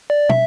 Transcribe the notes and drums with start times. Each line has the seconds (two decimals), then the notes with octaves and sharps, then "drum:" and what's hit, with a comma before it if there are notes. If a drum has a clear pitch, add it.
0.10 D5
0.29 E5, drum: tom